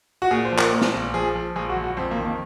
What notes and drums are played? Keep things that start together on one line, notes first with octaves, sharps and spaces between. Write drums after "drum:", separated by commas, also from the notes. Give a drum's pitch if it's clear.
F#4
A#2 G#4
C5
F3
A#4, drum: clap
A#2
drum: snare
A#1
F3 G#4
F3
A#1 G#4
F#4
A#1
F#4
F2 C4
A#3
D#3
A#3